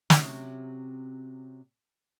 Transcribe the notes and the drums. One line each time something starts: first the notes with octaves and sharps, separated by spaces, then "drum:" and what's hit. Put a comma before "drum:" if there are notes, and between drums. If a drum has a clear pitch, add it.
C3 F#3 C#4, drum: snare